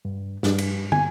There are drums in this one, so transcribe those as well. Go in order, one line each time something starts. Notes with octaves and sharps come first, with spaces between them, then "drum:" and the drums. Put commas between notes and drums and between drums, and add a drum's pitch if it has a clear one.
G2
G2, drum: snare
drum: cymbal
G#5, drum: tom